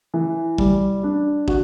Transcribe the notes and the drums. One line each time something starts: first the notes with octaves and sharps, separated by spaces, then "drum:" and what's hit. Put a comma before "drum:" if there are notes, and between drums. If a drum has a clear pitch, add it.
E3
G3, drum: kick
D4
F#4, drum: kick